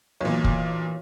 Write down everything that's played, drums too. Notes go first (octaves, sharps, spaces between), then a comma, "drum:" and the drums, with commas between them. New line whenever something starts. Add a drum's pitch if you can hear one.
B1 A#2 E3 B4 C#5
drum: kick